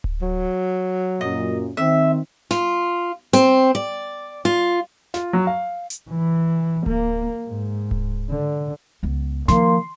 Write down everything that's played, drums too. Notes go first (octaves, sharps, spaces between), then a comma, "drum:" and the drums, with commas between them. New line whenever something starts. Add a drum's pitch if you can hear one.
drum: kick D1
F#3
F#2 A#2 D#5
D#3 C4 E5
F4, drum: snare
C4, drum: hi-hat
D5
F4
F4, drum: snare
F#3
F5
drum: hi-hat
E3
A#3, drum: kick D1
G#2
drum: kick D1
D3
C#2 B3
D#3 F3 A#3 C6, drum: snare